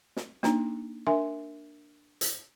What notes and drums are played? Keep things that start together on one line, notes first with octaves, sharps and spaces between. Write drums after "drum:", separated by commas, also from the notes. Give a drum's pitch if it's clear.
drum: snare
A#3 D4 D#4 A#5, drum: snare
D4 A#4 E5 G#5 C6
drum: hi-hat